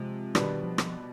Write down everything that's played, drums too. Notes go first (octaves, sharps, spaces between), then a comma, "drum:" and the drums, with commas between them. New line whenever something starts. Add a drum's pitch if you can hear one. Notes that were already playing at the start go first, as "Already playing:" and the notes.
Already playing: C3 F3 G#3
B2 D#3 G3 B3 D4, drum: rim click
F3
drum: rim click